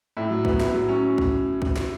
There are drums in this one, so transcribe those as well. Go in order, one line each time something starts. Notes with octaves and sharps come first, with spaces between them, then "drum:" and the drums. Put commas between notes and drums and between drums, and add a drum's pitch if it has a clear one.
A2
F#3
B3, drum: kick
A2, drum: snare
F#3
C#4
drum: kick
drum: kick
drum: snare